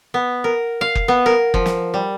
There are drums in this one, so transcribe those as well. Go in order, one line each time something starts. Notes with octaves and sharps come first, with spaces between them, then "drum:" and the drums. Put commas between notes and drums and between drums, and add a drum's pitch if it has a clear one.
B3
A#4
F5
drum: kick F#1
B3
A#4
F3, drum: kick F#1
drum: snare
G3